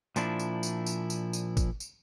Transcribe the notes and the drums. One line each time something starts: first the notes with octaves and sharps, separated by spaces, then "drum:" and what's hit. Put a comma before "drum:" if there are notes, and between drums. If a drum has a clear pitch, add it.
A#2 F3 D4 E4, drum: tambourine
drum: tambourine
drum: tambourine
drum: tambourine
drum: tambourine
drum: tambourine
drum: kick G#1, tambourine
drum: tambourine